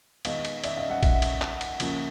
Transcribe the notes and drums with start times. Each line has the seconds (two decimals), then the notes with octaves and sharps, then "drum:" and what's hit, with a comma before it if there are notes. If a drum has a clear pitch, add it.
0.25 D#3 G#3 B3 D#5 F5, drum: cymbal
0.45 drum: cymbal
0.64 D5 E5, drum: cymbal
0.77 D#5 F5
0.90 E5 F#5
1.03 E5 F#5, drum: kick A#1, cymbal
1.22 drum: cymbal
1.42 drum: clap
1.61 drum: cymbal
1.80 C#3 F3 A#3, drum: cymbal